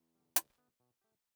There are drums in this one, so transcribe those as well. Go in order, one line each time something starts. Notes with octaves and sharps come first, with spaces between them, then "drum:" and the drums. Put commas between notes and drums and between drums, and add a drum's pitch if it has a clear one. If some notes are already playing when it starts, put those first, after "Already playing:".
Already playing: E2
D3 G3
D2, drum: hi-hat
D3 B3 E4
B2
A3 G4